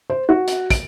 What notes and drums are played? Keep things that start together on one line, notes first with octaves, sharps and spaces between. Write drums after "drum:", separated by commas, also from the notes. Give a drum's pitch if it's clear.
C5
F#4
drum: hi-hat
D7, drum: kick, hi-hat